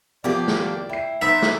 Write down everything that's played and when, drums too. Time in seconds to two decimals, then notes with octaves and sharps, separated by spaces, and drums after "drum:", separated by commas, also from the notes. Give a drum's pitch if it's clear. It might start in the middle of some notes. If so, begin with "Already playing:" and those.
0.24 F3 A#3 B3 D4 G4 D5
0.48 drum: snare
0.89 E4 G5 C7
1.22 B3 D#4 B4 C5 E5
1.42 drum: snare